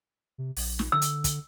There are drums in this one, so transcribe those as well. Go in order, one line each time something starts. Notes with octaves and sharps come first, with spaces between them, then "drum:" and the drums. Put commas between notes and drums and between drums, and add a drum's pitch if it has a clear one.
C3
A#1, drum: open hi-hat
drum: snare
D3 E6
drum: hi-hat
drum: kick, hi-hat